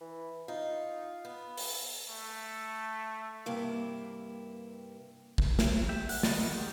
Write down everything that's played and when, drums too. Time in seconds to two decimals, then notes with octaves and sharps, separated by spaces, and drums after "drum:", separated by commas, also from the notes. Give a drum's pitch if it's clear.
0.01 E3
0.48 D#4 F4
1.25 B3
1.57 drum: open hi-hat
2.09 A3
3.46 G2 C3 A#3 E4
5.38 drum: kick
5.59 drum: snare
5.89 G4 E5
6.09 F#5, drum: open hi-hat
6.23 D5 D#5 F5 A#5 B5, drum: snare
6.40 A#4 F#5
6.52 A#3 F4 G4 G#4